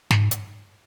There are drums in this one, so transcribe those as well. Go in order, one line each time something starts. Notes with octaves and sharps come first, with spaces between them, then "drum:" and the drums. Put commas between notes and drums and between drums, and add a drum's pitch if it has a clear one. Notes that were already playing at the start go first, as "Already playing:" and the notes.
G#2, drum: snare
drum: hi-hat